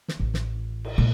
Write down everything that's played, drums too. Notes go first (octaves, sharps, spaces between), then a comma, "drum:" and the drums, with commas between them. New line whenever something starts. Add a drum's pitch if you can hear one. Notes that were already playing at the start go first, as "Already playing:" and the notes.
drum: snare
A1
drum: snare
drum: cymbal
A#2